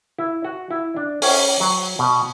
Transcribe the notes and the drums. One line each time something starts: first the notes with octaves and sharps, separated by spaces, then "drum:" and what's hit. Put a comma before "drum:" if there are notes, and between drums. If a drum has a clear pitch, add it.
E4
F#4
E4
D4
C#4, drum: open hi-hat
F#3
B2